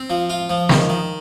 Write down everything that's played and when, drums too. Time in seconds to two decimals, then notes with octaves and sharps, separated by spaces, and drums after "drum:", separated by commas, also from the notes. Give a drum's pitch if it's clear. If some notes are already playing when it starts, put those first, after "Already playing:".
Already playing: C4
0.10 F3
0.30 F4
0.49 F3
0.69 D#3, drum: snare
0.89 D#3